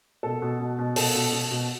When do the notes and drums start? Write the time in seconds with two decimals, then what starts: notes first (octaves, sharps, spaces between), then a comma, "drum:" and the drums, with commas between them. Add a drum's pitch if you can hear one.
0.23 B2 A4
0.42 B2
0.60 B2
0.78 B2
0.96 B2 A4, drum: open hi-hat
1.15 B2
1.32 B2
1.51 B2